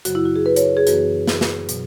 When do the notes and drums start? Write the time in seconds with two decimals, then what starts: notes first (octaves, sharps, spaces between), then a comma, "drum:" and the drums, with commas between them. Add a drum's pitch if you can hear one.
0.05 F#2 C#3 F#3 F#4, drum: hi-hat
0.15 E4
0.25 F#4
0.36 G#4
0.46 B4
0.56 C#5, drum: hi-hat
0.77 G#4
0.87 F#2 E3 B3 F#4, drum: hi-hat
1.27 drum: snare
1.41 drum: snare
1.69 B2 F#3, drum: hi-hat